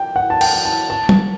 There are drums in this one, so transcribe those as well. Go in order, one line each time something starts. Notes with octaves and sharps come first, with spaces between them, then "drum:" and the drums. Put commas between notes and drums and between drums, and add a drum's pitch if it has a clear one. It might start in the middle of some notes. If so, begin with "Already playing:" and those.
Already playing: G5
F#5
A5
G5, drum: cymbal
G5
A5
A5
drum: tom F#3